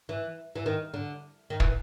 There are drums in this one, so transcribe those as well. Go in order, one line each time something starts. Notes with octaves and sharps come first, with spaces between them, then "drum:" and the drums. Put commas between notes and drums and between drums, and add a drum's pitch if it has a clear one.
E3
E3
D#3
D3
D#3
E3, drum: kick